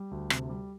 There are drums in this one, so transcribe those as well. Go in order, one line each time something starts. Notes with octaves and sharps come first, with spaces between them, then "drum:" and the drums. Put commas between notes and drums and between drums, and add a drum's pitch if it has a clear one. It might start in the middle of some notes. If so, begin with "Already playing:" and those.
Already playing: G3
D2
C3, drum: rim click
G3